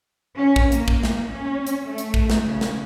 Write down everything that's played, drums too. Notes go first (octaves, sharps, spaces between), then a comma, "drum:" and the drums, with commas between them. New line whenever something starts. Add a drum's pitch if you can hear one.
C#4
drum: kick
A#3, drum: hi-hat
drum: kick
drum: snare
C#4
drum: hi-hat
A3
drum: hi-hat
drum: kick
drum: snare
C#3
drum: snare